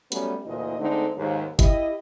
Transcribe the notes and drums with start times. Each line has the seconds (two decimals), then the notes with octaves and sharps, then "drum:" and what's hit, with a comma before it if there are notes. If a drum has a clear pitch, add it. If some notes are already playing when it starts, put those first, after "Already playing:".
0.12 F#3 G3 A3 B3 C#4, drum: hi-hat
0.46 D2 A#2 E3 E4 D#5
0.79 D3 G#3 A3 C4 D4 D#4
1.17 D#2 G#2
1.59 E4 G4 D#5, drum: kick, hi-hat